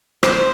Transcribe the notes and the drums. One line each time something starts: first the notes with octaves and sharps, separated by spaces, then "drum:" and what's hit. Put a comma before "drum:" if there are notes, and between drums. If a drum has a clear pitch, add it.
C5, drum: rim click